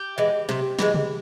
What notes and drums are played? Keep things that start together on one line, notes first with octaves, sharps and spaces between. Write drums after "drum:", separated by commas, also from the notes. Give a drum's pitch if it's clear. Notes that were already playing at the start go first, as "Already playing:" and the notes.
Already playing: G4
E3 G#3
C3, drum: snare
E3 G#3, drum: snare
drum: tom